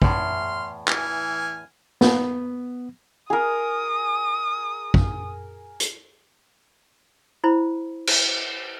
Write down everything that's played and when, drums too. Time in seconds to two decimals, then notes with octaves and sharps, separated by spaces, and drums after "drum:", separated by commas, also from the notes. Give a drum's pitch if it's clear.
0.02 E2 A2 C6 F6, drum: kick
0.88 E3 G#5 F6, drum: clap
2.01 B3, drum: snare
3.30 G#4 A#4 D#6
4.94 drum: kick
5.80 drum: hi-hat
7.44 E4 C5 B5
8.07 drum: cymbal